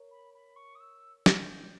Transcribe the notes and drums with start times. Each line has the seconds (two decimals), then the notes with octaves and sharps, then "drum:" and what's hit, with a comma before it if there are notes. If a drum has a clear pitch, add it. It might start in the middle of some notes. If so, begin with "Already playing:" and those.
Already playing: A#4 C#5
0.11 B5
0.34 B5
0.56 C#6
0.75 D#6
0.80 E6
1.26 drum: snare
1.41 G6